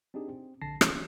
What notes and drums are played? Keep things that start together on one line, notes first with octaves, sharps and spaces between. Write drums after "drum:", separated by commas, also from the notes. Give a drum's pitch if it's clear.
C4 D4 D#4 G4 G#4
C4
A#1 D3 A5 A#6 C7
E3 C#4, drum: rim click